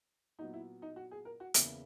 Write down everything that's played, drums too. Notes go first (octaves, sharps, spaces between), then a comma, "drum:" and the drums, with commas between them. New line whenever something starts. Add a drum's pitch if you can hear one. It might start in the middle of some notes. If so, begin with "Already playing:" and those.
A#2 F#3 B3 D#4
E4
D#4
F#4
G#4
A#4
F#4
E2 C#3 E3 A#3 E4, drum: hi-hat